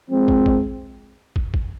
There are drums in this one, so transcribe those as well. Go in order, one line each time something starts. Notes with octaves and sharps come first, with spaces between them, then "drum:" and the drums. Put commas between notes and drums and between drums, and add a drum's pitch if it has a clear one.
F3 G#3 C4
drum: kick
drum: kick
drum: kick
drum: kick